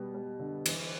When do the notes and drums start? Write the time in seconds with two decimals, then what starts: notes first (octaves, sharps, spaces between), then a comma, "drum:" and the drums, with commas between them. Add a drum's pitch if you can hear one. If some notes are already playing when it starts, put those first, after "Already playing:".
Already playing: B2 G3 B3
0.14 G3
0.39 D3
0.66 E3, drum: cymbal